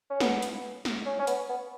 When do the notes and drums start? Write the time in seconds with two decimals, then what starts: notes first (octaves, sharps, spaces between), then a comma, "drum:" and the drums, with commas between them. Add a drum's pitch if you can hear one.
0.10 C#4
0.20 B3, drum: snare
0.42 drum: hi-hat
0.85 drum: snare
1.06 C#4
1.19 C#4
1.27 B3, drum: hi-hat
1.49 B3